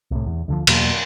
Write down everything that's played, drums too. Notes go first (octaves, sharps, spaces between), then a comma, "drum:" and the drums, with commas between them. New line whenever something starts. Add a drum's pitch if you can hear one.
C2 A2
E2
D2 D3 F3
E2 B2 F#3 A#3, drum: cymbal